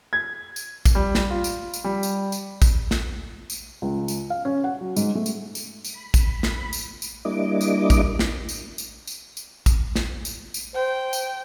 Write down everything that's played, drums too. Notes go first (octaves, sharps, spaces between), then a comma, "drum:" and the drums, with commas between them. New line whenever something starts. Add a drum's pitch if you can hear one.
G#6
drum: tambourine
drum: kick A1, tambourine
G3
drum: snare
F4
drum: tambourine
drum: tambourine
G3
drum: tambourine
drum: tambourine
drum: kick A1, tambourine
drum: snare
drum: tambourine
C#2
drum: tambourine
F5
C#4
F#5
F#3
G#2, drum: tambourine
A3
drum: tambourine
drum: tambourine
drum: tambourine
B5
drum: kick A1, tambourine
drum: snare
drum: tambourine
drum: tambourine
G3 A#3 D4 E4 D#5 D6
drum: tambourine
drum: kick A1, tambourine
drum: snare
drum: tambourine
drum: tambourine
drum: tambourine
drum: tambourine
drum: kick A1, tambourine
drum: snare
drum: tambourine
drum: tambourine
C5 G5
drum: tambourine